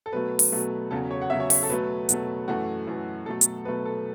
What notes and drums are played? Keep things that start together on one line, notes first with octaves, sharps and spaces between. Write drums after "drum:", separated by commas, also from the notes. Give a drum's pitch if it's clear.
A4
B2 F#3 A3 B4
drum: open hi-hat
B2 F#3 A3
E2 C#3 F#3 A4
C#5
F#5
E2 C#3 F#3 E5
C#5
C#5, drum: open hi-hat
A4
B2 F#3 A3 B4
B2 F#3 A3, drum: hi-hat
F#2 E3 A3 F#4
F#2 E3 A3
B2 F#3 A3 A4
drum: hi-hat
B2 F#3 A3 B4
A4